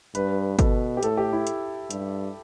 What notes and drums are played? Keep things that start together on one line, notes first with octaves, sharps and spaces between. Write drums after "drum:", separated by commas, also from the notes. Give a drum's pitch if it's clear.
G2 B4, drum: hi-hat
B2 A4, drum: kick, hi-hat
G4
A2 A4, drum: hi-hat
G4
E4
drum: hi-hat
G2, drum: hi-hat